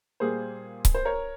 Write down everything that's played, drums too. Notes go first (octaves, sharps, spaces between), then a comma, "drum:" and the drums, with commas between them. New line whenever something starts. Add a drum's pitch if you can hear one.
A#2 G3 A#3 G#4 C5
drum: kick C#1, hi-hat
C5
A#4 C#5